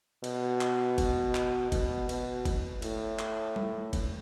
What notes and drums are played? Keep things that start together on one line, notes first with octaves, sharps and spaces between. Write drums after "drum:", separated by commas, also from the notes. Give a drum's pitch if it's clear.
B2, drum: cymbal
drum: clap
drum: kick F#1, cymbal
drum: clap
B2, drum: kick F#1, cymbal
B2, drum: cymbal
drum: kick F#1, cymbal
A2, drum: cymbal
drum: clap
drum: tom G3
drum: kick F#1, cymbal